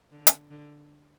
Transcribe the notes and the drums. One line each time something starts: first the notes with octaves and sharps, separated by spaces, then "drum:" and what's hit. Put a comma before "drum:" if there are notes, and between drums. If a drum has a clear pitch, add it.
D3
drum: hi-hat
D3